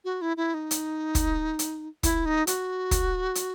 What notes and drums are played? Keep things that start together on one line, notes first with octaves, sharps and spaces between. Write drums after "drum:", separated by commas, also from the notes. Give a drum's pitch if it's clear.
F#4
E4
E4
D#4
drum: hi-hat
drum: kick, hi-hat
drum: hi-hat
E4, drum: kick, hi-hat
D#4
F#4, drum: hi-hat
drum: kick, hi-hat
drum: hi-hat